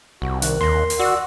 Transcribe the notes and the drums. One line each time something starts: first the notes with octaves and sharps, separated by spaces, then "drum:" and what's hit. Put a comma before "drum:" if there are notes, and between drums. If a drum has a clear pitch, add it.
C2 F#4
D#3 A#4 F#6, drum: hi-hat
D#2 C6 A#6
drum: open hi-hat
F#4 D5 F#5 E6